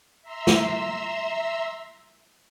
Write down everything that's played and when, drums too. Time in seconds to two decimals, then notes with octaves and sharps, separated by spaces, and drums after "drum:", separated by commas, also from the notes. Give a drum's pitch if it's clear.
0.22 E5 A#5 C6 E6
0.47 drum: snare